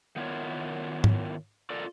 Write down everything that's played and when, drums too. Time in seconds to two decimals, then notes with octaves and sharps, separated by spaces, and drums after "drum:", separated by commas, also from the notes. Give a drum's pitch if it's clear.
0.16 D#3 B3 E4 F4 A#4 C#5
1.04 drum: tom G#2
1.70 F4 A4 A#4 D5